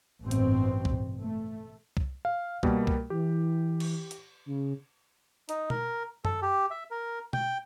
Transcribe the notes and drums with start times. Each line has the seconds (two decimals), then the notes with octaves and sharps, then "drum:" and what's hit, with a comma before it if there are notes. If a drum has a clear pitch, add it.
0.22 A1 G2 B2 C4
0.31 drum: hi-hat
0.85 drum: kick C2
1.20 A3
1.97 drum: kick C2
2.25 F5
2.63 B2 G3 A#3, drum: kick C2
2.87 drum: kick C2
3.10 E3 G4
3.80 drum: cymbal
4.11 drum: hi-hat
4.46 C#3
5.49 D#4, drum: hi-hat
5.70 A#4, drum: tom B2
6.25 A4, drum: tom F#2
6.42 G4
6.71 E5
6.91 A#4
7.33 G5, drum: tom B2